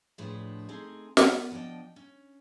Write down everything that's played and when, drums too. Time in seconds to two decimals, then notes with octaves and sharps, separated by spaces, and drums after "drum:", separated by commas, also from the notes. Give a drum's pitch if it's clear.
0.18 D2 A2 F3 D4 G#4 B4
0.69 A3 C4 D#4 G#4
1.17 B3, drum: snare
1.51 B2 F3 D4 D#5 G5
1.96 C#4